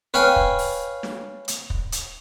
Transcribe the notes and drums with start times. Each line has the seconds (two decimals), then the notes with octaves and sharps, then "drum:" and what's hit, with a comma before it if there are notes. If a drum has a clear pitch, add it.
0.14 B4 C#5 F5 G5 G#5
0.36 drum: kick
0.59 drum: open hi-hat
1.03 drum: snare
1.48 drum: hi-hat
1.70 drum: kick
1.92 drum: hi-hat